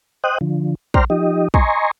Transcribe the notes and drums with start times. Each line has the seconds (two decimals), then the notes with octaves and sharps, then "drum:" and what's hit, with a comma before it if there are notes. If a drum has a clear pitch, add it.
0.24 C5 D#5 G5 D#6 F#6
0.41 D3 F3
0.94 C5 D5 G5 A#5 C6 F6, drum: kick
1.10 F3 D#4 G4 D#5
1.54 D#5 G#5 A#5 C6 C#6, drum: kick